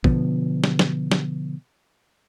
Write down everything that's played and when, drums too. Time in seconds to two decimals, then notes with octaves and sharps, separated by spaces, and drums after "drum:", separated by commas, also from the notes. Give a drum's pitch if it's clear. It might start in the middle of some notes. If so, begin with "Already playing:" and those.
0.04 B2 D3 F3 B3, drum: kick
0.64 drum: snare
0.79 drum: snare
1.12 drum: snare